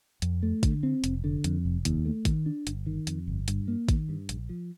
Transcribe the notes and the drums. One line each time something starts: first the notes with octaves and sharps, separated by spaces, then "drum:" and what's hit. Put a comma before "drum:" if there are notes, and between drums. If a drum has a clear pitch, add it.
F2, drum: hi-hat
A3
D3, drum: kick, hi-hat
C4
F1, drum: hi-hat
D3
F2, drum: hi-hat
F1
D#2, drum: hi-hat
A3
D#3, drum: kick, hi-hat
D4
G1, drum: hi-hat
D#3
F2, drum: hi-hat
G1
G2, drum: hi-hat
A#3
D#3, drum: kick, hi-hat
G2
A#1, drum: hi-hat
F3